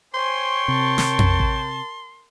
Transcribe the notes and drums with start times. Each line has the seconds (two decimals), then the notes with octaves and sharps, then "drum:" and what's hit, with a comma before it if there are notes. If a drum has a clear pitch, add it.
0.14 C5 C#5 G5 G#5 C6 C#6
0.68 C3 A#4 A5
0.98 drum: snare
1.19 drum: tom F2
1.40 drum: kick A1